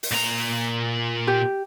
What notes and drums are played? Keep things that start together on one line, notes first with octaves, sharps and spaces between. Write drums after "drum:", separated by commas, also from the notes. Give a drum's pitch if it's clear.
drum: open hi-hat
A#2 A#5
G4